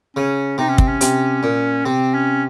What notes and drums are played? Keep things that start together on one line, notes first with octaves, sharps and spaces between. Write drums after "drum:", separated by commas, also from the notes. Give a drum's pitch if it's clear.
C#3 C#4
C3 D#4
C#4
C4, drum: kick
C#4
C3, drum: hi-hat
A#2
C3 C4
C#4